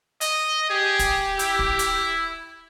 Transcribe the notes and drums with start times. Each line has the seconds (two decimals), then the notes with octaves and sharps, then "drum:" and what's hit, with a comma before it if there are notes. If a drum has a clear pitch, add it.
0.21 D#5, drum: hi-hat
0.70 G4 G#4
0.99 drum: kick, hi-hat
1.39 E4, drum: hi-hat
1.59 drum: kick
1.79 drum: hi-hat